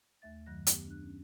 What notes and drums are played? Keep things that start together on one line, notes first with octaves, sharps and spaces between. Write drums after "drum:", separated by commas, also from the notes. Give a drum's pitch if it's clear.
D#2 A3 E5 A6
F#2 D#3 F#3 F#6 A#6
B3 G4, drum: hi-hat
D4 F#6
C#4